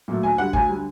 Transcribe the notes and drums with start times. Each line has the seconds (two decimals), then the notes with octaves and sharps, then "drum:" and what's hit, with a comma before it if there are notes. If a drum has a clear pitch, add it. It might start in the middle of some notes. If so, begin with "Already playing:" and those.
0.08 A#2 F#3 A3
0.23 D2 G#5
0.38 D3 G3 F#5
0.53 D2 G#5, drum: kick
0.69 D3 G3